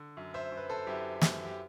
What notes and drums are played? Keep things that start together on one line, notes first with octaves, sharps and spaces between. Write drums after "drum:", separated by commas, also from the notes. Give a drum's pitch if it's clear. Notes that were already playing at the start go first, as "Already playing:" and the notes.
Already playing: D3
F#2
C5 E5
F#2
B4
A4 C5
F#2 E4 G4
F#2, drum: snare
G4